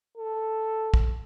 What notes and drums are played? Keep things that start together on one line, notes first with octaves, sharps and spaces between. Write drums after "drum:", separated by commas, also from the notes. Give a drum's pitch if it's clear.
A4
drum: kick